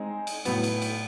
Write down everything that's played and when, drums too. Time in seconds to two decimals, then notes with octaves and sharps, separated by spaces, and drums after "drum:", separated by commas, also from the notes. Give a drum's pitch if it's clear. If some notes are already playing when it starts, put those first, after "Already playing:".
Already playing: G#3 C4 D#4 G#4
0.27 drum: cymbal
0.45 A2 F#3 B3, drum: cymbal
0.64 drum: cymbal
0.82 drum: cymbal